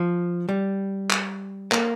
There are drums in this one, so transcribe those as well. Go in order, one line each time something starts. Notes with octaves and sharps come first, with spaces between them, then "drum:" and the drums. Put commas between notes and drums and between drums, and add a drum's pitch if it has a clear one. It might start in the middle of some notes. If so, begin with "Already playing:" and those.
Already playing: F3
G3
drum: clap
A#3, drum: clap